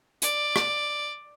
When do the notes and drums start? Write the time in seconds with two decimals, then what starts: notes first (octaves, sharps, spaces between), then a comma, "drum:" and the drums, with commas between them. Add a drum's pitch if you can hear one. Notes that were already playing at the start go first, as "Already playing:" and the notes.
0.22 D5, drum: hi-hat
0.56 drum: rim click